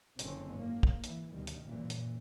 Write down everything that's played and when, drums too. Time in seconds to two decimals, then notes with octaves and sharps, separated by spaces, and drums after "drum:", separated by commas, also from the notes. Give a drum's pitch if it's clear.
0.19 F#1 F2 D3 D#3 C4 C#4, drum: hi-hat
0.55 G#2 A#3
0.83 drum: kick
1.04 G#1 E3, drum: hi-hat
1.33 D2 B2 D#3 G3
1.47 drum: hi-hat
1.65 F#1 A#2 E3
1.90 drum: hi-hat